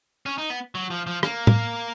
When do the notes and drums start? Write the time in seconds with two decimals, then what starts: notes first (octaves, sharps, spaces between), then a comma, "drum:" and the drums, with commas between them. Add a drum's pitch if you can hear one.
0.26 C#4
0.38 D#4
0.50 B3
0.75 F#3
0.90 F3
1.07 F3
1.23 A#3, drum: rim click
1.47 drum: tom